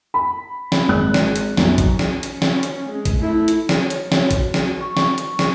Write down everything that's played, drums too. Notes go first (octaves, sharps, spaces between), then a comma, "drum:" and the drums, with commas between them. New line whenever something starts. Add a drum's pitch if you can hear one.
B5
drum: snare
G#1 F#6
drum: snare
drum: hi-hat
B1 F#2, drum: snare
drum: kick, hi-hat
drum: snare
C#4, drum: hi-hat
drum: snare
drum: hi-hat
G#3
drum: kick, hi-hat
A3 E4
drum: hi-hat
drum: snare
C#5
drum: hi-hat
F#4, drum: snare
F#4, drum: kick, hi-hat
drum: snare
C#6
drum: snare
drum: hi-hat
drum: snare